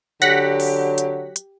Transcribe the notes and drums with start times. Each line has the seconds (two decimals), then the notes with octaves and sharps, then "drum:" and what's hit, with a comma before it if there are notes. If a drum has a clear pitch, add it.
0.22 D3 F#3 G4 F#5 A#6 B6, drum: hi-hat
0.60 drum: open hi-hat
0.98 drum: hi-hat
1.36 drum: hi-hat